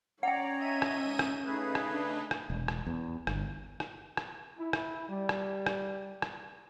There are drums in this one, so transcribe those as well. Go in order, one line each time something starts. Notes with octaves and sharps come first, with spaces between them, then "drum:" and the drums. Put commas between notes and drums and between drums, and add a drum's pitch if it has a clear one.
C#4 C#5 D5 F#5 G5 A#5
D#5 E5 D#7
drum: rim click
G#2
drum: rim click
C#3 A3 D#4 G#4 B4
drum: rim click
D4
drum: rim click
E1
drum: rim click
E2
G1, drum: rim click
drum: rim click
drum: rim click
E4
drum: rim click
G3
drum: rim click
drum: rim click
drum: rim click